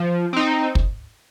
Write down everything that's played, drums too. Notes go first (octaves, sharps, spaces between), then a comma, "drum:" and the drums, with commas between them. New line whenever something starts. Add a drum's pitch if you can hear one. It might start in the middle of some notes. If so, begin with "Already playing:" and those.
Already playing: F3
C4 D#4
drum: kick